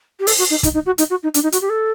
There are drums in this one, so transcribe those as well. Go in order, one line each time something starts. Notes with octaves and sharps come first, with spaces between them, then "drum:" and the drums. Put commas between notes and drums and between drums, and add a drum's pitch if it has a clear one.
G4
A4, drum: open hi-hat
F#4
D#4
D#4, drum: kick, hi-hat
D#4
F#4
D#4, drum: hi-hat
F#4
D#4
D4, drum: hi-hat
D#4
F#4, drum: hi-hat
G4
A4